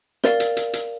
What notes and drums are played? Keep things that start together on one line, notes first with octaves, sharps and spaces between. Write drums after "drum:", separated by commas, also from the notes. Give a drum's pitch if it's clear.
A#4 D5 F5, drum: snare
drum: hi-hat
drum: hi-hat
drum: hi-hat